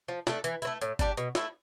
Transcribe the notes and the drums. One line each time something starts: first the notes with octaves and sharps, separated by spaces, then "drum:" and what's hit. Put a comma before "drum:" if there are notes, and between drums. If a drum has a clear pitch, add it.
F3
A3 D4 A4, drum: snare
E3, drum: hi-hat
A3 C4 E4, drum: hi-hat
A2, drum: hi-hat
G3 D4 G4, drum: kick G1, hi-hat
B2, drum: hi-hat
A3 E4, drum: snare